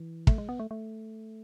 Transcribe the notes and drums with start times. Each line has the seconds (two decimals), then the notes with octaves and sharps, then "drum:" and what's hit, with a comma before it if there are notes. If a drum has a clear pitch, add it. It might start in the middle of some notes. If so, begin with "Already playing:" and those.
Already playing: E3
0.27 A3, drum: kick
0.38 G#3
0.49 B3
0.59 A3
0.71 A3